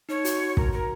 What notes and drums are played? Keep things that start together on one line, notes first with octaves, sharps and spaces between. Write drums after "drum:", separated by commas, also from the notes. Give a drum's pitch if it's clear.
D#4 C#5
F#4, drum: hi-hat
A#4, drum: kick
A#4